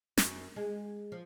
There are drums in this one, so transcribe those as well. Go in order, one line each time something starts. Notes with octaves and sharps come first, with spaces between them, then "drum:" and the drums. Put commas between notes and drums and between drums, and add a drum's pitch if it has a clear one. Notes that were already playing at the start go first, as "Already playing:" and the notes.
F#2, drum: snare
G#3
F3